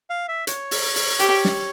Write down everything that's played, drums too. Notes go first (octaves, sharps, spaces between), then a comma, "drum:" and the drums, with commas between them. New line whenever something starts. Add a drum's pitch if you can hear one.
F5
E5
C#5, drum: hi-hat
drum: open hi-hat
drum: open hi-hat
G4, drum: hi-hat
drum: snare